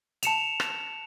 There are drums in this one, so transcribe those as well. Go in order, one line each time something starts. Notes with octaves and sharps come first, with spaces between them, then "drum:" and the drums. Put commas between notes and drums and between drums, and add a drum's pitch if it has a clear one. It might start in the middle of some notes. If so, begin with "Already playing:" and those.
A5 C#7 E7 F7, drum: hi-hat
drum: rim click